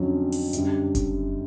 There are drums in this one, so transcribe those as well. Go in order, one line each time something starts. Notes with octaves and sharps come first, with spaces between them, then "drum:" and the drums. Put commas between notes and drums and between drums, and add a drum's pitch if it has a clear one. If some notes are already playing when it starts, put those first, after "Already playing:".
Already playing: F2 D3 F#3 C#4
drum: open hi-hat
F#2 D3 G3, drum: hi-hat
drum: kick F#1, hi-hat